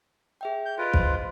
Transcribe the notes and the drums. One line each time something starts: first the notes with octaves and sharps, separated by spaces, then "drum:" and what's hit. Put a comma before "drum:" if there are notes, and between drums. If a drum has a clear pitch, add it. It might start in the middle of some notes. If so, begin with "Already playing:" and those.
G#4 E5 G5
G6
F4 G#4 A4 B4 D#5
C5 C6, drum: kick